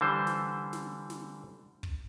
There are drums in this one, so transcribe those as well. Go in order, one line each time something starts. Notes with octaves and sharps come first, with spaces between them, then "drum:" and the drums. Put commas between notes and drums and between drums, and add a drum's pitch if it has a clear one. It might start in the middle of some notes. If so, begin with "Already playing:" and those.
D3 E3 G3 C5
drum: snare
drum: snare
drum: snare
drum: kick